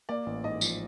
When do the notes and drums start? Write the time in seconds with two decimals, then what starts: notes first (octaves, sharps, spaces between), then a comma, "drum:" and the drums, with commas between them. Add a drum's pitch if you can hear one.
0.09 A#3 D5
0.26 A1
0.44 G#2 D#5
0.61 F3, drum: tambourine